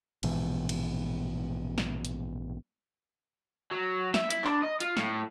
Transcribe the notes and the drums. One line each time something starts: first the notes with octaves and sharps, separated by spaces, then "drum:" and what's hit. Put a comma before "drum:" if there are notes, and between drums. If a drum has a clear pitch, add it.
A#1 G#2 B2 E3, drum: cymbal
drum: cymbal
drum: snare
drum: hi-hat
F#3
E5, drum: snare
E4, drum: hi-hat
D4, drum: clap
D#5
F4, drum: hi-hat
A2, drum: snare